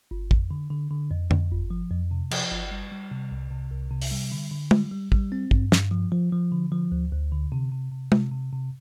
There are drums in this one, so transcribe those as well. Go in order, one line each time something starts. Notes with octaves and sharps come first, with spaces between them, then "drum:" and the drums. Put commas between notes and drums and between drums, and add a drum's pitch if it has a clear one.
G1
F2, drum: kick
D3
D3
D3
F2
F2, drum: tom F2
G1
F3
F2
C3
F3, drum: cymbal
G1
G3
G3
C3
C2
C3
C2
C3
drum: open hi-hat
G3
D3
D3
G3, drum: tom
G3
G3, drum: kick
C4
G2, drum: kick
G2, drum: snare
F3
F3
F3
D3
F3
D2
D2
D3
C3
C3
C3
C3, drum: tom
C3
C3